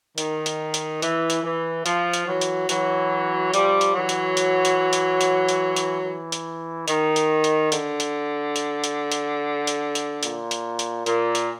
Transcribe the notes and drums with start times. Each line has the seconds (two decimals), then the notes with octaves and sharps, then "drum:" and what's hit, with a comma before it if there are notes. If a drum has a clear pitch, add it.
0.18 D#3, drum: hi-hat
0.46 drum: hi-hat
0.74 drum: hi-hat
1.02 E3, drum: hi-hat
1.30 drum: hi-hat
1.44 E3
1.86 F3, drum: hi-hat
2.14 drum: hi-hat
2.27 E3 F#3
2.41 drum: hi-hat
2.69 E3 F#3, drum: hi-hat
3.54 F3 G3, drum: hi-hat
3.81 drum: hi-hat
3.94 E3 F#3
4.09 drum: hi-hat
4.37 drum: hi-hat
4.65 drum: hi-hat
4.93 drum: hi-hat
5.21 drum: hi-hat
5.49 drum: hi-hat
5.76 drum: hi-hat
6.04 E3
6.32 drum: hi-hat
6.88 D#3, drum: hi-hat
7.16 drum: hi-hat
7.44 drum: hi-hat
7.72 D3, drum: hi-hat
8.00 drum: hi-hat
8.56 drum: hi-hat
8.84 drum: hi-hat
9.12 drum: hi-hat
9.67 drum: hi-hat
9.95 drum: hi-hat
10.23 A#2, drum: hi-hat
10.51 drum: hi-hat
10.79 drum: hi-hat
11.06 A#2, drum: hi-hat
11.35 drum: hi-hat